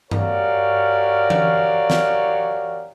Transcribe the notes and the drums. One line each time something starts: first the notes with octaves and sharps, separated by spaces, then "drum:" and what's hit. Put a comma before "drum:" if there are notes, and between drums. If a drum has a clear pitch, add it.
F#4 G4 A#4 C#5 D5 F5, drum: tom G2
drum: tom E3
drum: snare